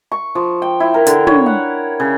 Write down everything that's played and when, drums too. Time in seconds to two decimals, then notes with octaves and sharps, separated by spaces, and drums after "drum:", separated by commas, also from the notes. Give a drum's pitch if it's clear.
0.12 C#6
0.35 F3
0.62 G5
0.80 E4
0.94 A#4
1.07 D3, drum: hi-hat
1.27 C#5, drum: tom
1.46 F#5
2.00 C#3